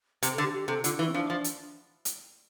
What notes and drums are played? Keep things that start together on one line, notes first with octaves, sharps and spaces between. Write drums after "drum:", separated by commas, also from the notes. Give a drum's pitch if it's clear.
C3 C5, drum: hi-hat
A4
D3
G4
G4
C3 A4
D3 F4, drum: hi-hat
E3 E4
C4
F3 D4
F3
drum: hi-hat
drum: hi-hat